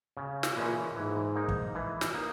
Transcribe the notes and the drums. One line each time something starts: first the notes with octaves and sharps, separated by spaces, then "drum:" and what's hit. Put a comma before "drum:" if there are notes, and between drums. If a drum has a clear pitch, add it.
C#3
drum: snare
A#2 E3 G#3 C#4
G#2 E3
A#3 D#4
drum: kick
E3
drum: snare
A#3 D#4